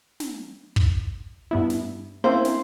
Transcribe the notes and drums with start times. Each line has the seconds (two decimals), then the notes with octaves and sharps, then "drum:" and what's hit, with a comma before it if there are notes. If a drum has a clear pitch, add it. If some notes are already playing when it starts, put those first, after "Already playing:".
0.20 drum: snare
0.76 drum: kick
1.51 G2 B3 E4
1.70 drum: snare
2.24 A#3 C4 C#4 E4 C5
2.45 drum: snare